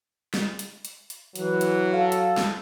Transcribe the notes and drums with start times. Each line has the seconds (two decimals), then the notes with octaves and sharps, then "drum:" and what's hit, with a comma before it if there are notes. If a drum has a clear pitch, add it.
0.34 drum: snare
0.59 drum: hi-hat
0.85 drum: hi-hat
1.10 drum: hi-hat
1.36 E3 F#3, drum: hi-hat
1.61 drum: hi-hat
1.93 A4 F5
2.12 drum: hi-hat
2.37 drum: snare